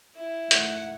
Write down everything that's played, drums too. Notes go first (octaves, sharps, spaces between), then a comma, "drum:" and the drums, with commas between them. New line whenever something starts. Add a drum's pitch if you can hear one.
E4
F#2 D#3 A3 F#5, drum: hi-hat